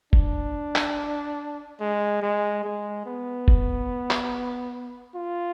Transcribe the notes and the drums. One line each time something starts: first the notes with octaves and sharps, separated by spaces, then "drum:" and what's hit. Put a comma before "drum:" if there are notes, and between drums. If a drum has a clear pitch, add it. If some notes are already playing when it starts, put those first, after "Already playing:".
D4, drum: kick F1
drum: clap
G#3
G#3
G#3
B3
drum: kick F1
drum: clap
F4